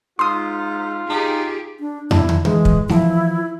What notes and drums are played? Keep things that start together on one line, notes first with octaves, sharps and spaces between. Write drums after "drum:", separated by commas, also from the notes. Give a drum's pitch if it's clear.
G#2 F4 C6 D#6
D#4 G4 G#4
D4
D4 E4, drum: tom
drum: tom
E3 G#3, drum: tom
drum: kick
E3 F3 E4, drum: snare A3